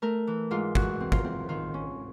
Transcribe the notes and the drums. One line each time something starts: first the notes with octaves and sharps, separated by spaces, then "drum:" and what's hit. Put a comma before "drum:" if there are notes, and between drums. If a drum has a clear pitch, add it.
A3 A#4
E3
G#2 F4
E3 F#4, drum: kick
C4
F4, drum: kick
C4
D#3 F4
C#4